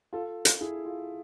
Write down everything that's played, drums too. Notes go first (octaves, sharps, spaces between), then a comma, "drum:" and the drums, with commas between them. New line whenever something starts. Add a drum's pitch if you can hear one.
F4 A4
drum: hi-hat
E4 G#4
F4